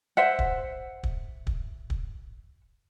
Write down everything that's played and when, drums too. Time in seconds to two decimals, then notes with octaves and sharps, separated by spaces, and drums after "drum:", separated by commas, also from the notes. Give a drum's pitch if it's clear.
0.17 C5 E5 F#5
0.39 drum: kick
1.03 drum: kick
1.47 drum: kick
1.90 drum: kick